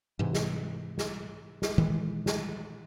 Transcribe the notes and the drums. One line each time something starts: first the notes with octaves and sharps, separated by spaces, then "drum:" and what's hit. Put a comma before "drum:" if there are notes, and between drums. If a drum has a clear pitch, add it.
G#2 C3 E3
drum: snare
drum: snare
drum: snare
A#2 D#3 E3 G#3
drum: snare